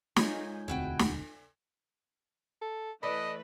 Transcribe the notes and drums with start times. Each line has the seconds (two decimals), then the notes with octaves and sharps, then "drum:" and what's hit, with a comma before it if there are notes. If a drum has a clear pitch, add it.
0.16 G#3 D#4 F4 C#5 G#5 G6, drum: snare
0.68 E1 D2 C4 E4 F#4 G5
0.99 drum: snare
2.62 A4
3.03 E3 A3 A4 B4 D5 D#5 B5